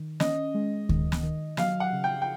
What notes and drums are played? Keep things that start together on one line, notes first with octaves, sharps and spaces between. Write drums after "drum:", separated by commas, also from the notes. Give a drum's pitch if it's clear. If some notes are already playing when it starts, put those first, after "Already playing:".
Already playing: D#3
C#4 D#5, drum: snare
G#3
D#3, drum: kick D2
drum: snare
D#3
F#3 F5, drum: snare
F#5
C#3
G5
G5